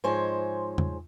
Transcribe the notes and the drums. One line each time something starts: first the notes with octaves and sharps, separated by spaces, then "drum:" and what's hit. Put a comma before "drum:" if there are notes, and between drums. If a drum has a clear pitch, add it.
G#2 F3 G#3 C5 C#5 G#5
drum: tom E2